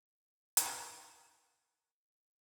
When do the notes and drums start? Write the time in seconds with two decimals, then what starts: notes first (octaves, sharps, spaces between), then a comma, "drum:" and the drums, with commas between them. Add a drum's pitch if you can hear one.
0.57 drum: hi-hat
1.51 A#4